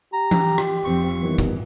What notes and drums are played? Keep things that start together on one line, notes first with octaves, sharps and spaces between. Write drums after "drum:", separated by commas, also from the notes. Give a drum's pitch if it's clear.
G4 A#5
drum: tom E3
drum: rim click
F1 F3 C4 C#6
D#3 E3 G3 B3
drum: kick